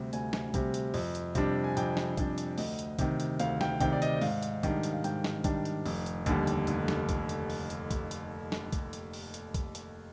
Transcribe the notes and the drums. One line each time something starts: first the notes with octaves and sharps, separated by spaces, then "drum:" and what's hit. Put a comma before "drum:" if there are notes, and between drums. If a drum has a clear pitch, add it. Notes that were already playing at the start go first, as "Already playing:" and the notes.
Already playing: D2 C3 G3
D2 G#5, drum: hi-hat
drum: snare
C3 G3, drum: kick, hi-hat
drum: hi-hat
F2, drum: open hi-hat
drum: hi-hat
C3 G3 D4, drum: kick, hi-hat
G#5
F2 G5, drum: hi-hat
drum: snare
C3 G3 D4, drum: kick, hi-hat
drum: hi-hat
D2 D#5, drum: open hi-hat
drum: hi-hat
C3 D#3, drum: kick, hi-hat
drum: hi-hat
D2 F5, drum: hi-hat
G5, drum: snare
C3 D#3 G5, drum: kick, hi-hat
D5
D#5, drum: hi-hat
G#2 F5, drum: open hi-hat
drum: hi-hat
D#3 G3 D4, drum: kick, hi-hat
drum: hi-hat
F5
G#2 G5, drum: hi-hat
drum: snare
D#3 G3 D4, drum: kick, hi-hat
drum: hi-hat
F1, drum: open hi-hat
drum: hi-hat
D#2 D3 G3, drum: kick, hi-hat
drum: hi-hat
F1, drum: hi-hat
drum: snare
drum: kick, hi-hat
drum: hi-hat
drum: open hi-hat
drum: hi-hat
drum: kick, hi-hat
drum: hi-hat
drum: snare
drum: kick, hi-hat
drum: hi-hat
drum: open hi-hat
drum: hi-hat
drum: kick, hi-hat
drum: hi-hat